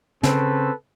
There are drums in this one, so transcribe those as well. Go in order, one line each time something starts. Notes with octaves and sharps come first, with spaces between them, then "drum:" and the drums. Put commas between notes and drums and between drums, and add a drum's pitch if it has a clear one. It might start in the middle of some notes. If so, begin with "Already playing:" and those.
C#3 C4 A4 B4, drum: snare